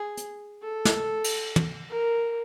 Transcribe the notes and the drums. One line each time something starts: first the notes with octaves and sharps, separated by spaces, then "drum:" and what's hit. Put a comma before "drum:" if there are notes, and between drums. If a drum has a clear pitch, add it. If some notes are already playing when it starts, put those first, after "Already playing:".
Already playing: G#4
drum: hi-hat
A4
drum: snare
drum: cymbal
drum: tom
A#4